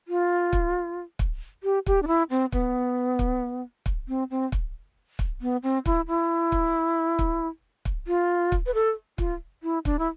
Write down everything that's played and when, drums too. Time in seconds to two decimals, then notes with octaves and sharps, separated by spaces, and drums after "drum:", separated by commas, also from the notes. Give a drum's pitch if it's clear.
0.08 F4
0.53 drum: kick
1.19 drum: kick
1.63 G4
1.86 G4, drum: kick
2.02 D4
2.07 E4
2.30 C4
2.52 B3, drum: kick
3.19 drum: kick
3.86 drum: kick
4.08 C4
4.30 C4
4.52 drum: kick
5.19 drum: kick
5.41 B3
5.63 C4
5.86 E4, drum: kick
6.08 E4
6.52 drum: kick
7.19 drum: kick
7.85 drum: kick
8.07 F4
8.52 drum: kick
8.66 B4
8.74 A4
9.18 F4, drum: kick
9.63 E4
9.85 D4, drum: kick
9.99 E4